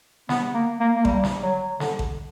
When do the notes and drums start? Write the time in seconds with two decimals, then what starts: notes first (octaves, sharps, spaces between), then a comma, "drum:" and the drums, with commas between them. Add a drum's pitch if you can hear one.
0.29 B3, drum: snare
0.54 A#3
0.80 A#3
0.96 A#3
1.05 G3, drum: kick A1
1.24 drum: snare
1.42 F#3
1.80 D3, drum: snare
1.99 drum: kick A1